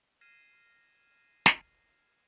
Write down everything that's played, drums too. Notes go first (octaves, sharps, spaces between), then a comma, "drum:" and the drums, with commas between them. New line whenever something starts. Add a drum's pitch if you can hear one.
F6 G#6 A#6 C7 D#7 E7
drum: snare